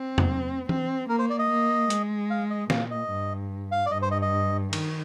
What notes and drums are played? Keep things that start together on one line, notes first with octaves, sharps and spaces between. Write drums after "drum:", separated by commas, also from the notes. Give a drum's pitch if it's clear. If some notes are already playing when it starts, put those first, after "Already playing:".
Already playing: C4
drum: tom
C4, drum: tom E3
A#3 A#4
C5
D5
D#5
A#3
G#3, drum: hi-hat
F5
D#5
A#2 F5, drum: snare
D#5
G2
F5
D5
G2 D#5
C5
D#5
D#5
D#3, drum: cymbal